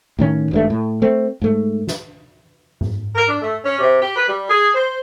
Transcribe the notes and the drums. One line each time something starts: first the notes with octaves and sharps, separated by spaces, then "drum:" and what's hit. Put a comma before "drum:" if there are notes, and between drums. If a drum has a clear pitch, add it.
A2 D#3 C#4
G#1 G2 A3
A2
A3 C4
G#2 A3
drum: snare
drum: tom G#2
A#4
D4
A3
C#4
C3
G4
B4
G3
G#4
C5